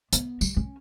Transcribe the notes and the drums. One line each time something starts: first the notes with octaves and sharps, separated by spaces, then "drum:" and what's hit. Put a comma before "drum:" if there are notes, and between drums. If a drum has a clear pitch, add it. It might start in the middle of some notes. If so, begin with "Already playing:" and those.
B3, drum: hi-hat
G3, drum: tambourine
C#4